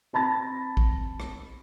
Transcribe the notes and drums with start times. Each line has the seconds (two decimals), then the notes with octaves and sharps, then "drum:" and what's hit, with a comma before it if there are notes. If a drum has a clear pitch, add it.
0.13 C4 A5 B5 A6 A#6
0.77 drum: kick
1.20 drum: rim click